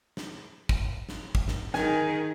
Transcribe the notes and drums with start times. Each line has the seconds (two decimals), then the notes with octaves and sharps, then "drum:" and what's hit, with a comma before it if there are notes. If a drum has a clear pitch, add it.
0.17 drum: snare
0.69 drum: kick
1.09 drum: snare
1.35 drum: kick
1.48 drum: snare
1.74 D#3 G#4 G#5, drum: snare